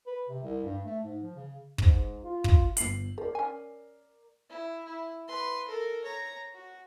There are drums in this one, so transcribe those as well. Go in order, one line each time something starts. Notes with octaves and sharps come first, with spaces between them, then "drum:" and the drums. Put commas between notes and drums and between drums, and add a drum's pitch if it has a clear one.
B4
C3
C2
G2
A3
G#2
F3
C#3
G#2, drum: kick
F4
drum: kick
G1 C7 F#7, drum: hi-hat
F3 A#4 D5
C#4 G#5
E4
E4
B4 C6
A4 A#4
C#5 A#5
F#4